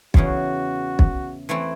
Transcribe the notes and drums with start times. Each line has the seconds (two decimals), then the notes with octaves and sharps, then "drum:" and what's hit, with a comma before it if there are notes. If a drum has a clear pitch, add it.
0.14 E2 C#3 E3 F#4, drum: kick
0.99 drum: kick
1.49 E3 A3 C4 E4